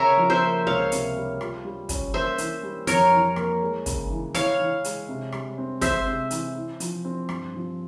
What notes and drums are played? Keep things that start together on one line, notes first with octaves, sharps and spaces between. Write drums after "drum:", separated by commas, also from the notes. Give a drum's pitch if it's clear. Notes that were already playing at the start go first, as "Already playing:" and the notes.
Already playing: C#3 A#4 C#5 E5
F3
C5 E5
A#3
C#2 C#5 F5
C3, drum: hi-hat
G3
F4, drum: rim click
G3
C#4, drum: kick, hi-hat
A#3 C5 E5
E3, drum: hi-hat
G3
F2 A#4 C#5, drum: hi-hat
E3
A#3, drum: rim click
G#3
C#3, drum: kick, hi-hat
E3
E4 C#5 F5, drum: hi-hat
E3
G#3, drum: hi-hat
C3
G3, drum: rim click
C4
G#3 C5 E5, drum: kick, hi-hat
C3
E3, drum: hi-hat
E4
F3, drum: hi-hat
C4
G2, drum: rim click
F3